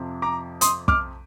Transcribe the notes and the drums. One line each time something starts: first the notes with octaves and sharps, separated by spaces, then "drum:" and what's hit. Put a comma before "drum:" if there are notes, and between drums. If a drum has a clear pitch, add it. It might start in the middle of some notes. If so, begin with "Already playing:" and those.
Already playing: F2 C3 F3
A#5 D6
C6 D#6, drum: hi-hat
D6 F6, drum: kick